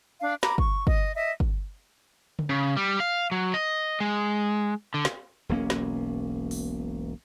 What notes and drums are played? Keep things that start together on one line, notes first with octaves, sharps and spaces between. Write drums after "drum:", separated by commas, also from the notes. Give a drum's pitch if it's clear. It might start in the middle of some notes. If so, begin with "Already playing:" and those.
D4 F5
A#5 B5 D6, drum: snare
C#6, drum: kick
D#5, drum: kick
D#5 E5
drum: kick
drum: tom C#3
C#3
G3
F5
F#3
D#5
G#3
D3
drum: snare
E1 B1 A#3 C#4
drum: snare
drum: open hi-hat